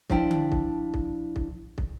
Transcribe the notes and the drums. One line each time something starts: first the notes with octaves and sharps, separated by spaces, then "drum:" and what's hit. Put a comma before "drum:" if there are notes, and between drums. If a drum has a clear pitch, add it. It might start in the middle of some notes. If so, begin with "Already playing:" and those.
F3 D4 E4 F5 G5, drum: kick
drum: tom D3
drum: kick
drum: kick
drum: kick
drum: kick